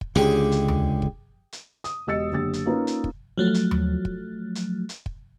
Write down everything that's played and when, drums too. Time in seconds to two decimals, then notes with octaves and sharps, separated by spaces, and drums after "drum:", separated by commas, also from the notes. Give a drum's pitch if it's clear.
0.01 drum: kick
0.16 C#2 D3 G4 G#4
0.52 drum: hi-hat
0.68 drum: tom D#2
1.02 drum: kick
1.52 drum: hi-hat
1.84 D#6, drum: hi-hat
2.07 E1 G4 D#5 E6 A6 C#7
2.32 F#1 D3 G4 A6
2.53 drum: hi-hat
2.66 A#3 C#4 D#4 F4 B4
2.87 drum: hi-hat
3.04 drum: kick
3.38 F3 F#3 A3
3.54 drum: hi-hat
3.71 drum: tom D#2
4.05 drum: kick
4.55 drum: hi-hat
4.89 drum: hi-hat
5.06 drum: kick